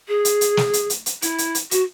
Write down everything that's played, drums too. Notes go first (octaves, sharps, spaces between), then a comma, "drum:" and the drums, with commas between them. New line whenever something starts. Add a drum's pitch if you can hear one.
G#4
drum: hi-hat
drum: hi-hat
drum: snare
drum: hi-hat
drum: hi-hat
drum: hi-hat
E4, drum: hi-hat
drum: hi-hat
drum: hi-hat
F#4, drum: hi-hat